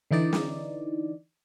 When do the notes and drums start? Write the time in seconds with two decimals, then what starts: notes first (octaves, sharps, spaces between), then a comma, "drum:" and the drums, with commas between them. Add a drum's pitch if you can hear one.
0.11 D3 E3 D#4 D5
0.33 drum: snare